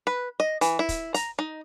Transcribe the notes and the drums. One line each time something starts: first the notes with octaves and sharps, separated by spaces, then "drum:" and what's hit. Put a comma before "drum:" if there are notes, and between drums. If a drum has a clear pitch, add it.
B4
D#5
E3, drum: hi-hat
E4
drum: kick, hi-hat
A#5, drum: hi-hat
D#4